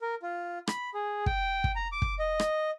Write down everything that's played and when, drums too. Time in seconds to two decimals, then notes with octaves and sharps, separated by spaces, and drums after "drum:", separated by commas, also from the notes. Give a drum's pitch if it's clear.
0.02 A#4
0.22 F4
0.67 B5, drum: rim click
0.94 G#4
1.26 G5, drum: kick
1.64 drum: kick
1.76 A#5
1.92 D6
2.02 drum: kick
2.19 D#5
2.40 drum: rim click